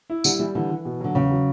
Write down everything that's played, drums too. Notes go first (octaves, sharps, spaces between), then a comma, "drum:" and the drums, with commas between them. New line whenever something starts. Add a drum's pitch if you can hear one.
E4
D3 G3, drum: tambourine
E3 G3
D3 E3
E3
B2
D3 F#3
E2 C#3
F#3